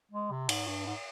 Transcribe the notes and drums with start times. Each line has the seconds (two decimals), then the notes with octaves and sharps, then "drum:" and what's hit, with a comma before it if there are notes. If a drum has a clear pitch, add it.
0.12 G#3
0.31 C3
0.49 G#2, drum: cymbal
0.67 G2
0.86 G#2